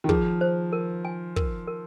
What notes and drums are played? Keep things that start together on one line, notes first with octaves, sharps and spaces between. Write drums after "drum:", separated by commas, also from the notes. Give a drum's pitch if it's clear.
D#3
F3 G#4, drum: kick
C5
A#4
G#5
A#4, drum: kick
A#4